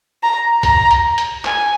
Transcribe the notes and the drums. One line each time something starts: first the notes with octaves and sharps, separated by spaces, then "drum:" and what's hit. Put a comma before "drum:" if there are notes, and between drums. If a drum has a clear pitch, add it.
A#5
A#5, drum: kick C2, hi-hat
drum: hi-hat
drum: hi-hat
G#5, drum: clap